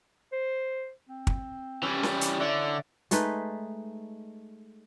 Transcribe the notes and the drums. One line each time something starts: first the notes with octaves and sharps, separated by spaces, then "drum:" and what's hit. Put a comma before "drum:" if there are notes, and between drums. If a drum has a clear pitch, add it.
C5
C4
drum: kick
E3 G3 C#4
drum: snare C#4
drum: hi-hat
D3 E4 D5
G#3 A3 D#4 B4, drum: hi-hat